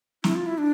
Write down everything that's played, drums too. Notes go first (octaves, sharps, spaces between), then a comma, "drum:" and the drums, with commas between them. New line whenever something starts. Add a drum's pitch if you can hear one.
E4, drum: snare
F4
E4
D4